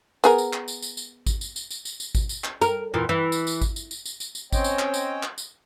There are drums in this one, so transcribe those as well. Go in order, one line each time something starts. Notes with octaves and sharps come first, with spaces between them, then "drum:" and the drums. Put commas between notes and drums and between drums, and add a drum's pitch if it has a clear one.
B3 G#4 A#4, drum: tambourine
drum: tambourine
drum: clap
drum: tambourine
drum: tambourine
drum: tambourine
drum: kick G#1, tambourine
drum: tambourine
drum: tambourine
drum: tambourine
drum: tambourine
drum: tambourine
drum: kick G#1, tambourine
drum: tambourine
drum: clap
A#4, drum: tambourine
E2 A#2 E3
E3
drum: tambourine
drum: tambourine
drum: kick G#1, tambourine
drum: tambourine
drum: tambourine
drum: tambourine
drum: tambourine
drum: tambourine
C4 C#4 C5 C#5 D#5 G5, drum: kick G#1, tambourine
drum: tambourine
drum: clap
drum: tambourine
drum: clap
drum: tambourine